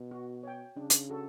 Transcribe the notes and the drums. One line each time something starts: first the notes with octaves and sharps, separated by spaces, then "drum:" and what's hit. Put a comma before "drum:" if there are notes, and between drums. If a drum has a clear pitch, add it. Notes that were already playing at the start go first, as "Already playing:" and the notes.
Already playing: B2
F#4
C#5 G5
C#3 D4
drum: hi-hat
F#4 A4